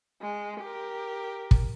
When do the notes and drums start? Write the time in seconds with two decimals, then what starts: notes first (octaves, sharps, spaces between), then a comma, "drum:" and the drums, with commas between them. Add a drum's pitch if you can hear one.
0.22 G#3
0.61 G4 A#4
1.51 drum: kick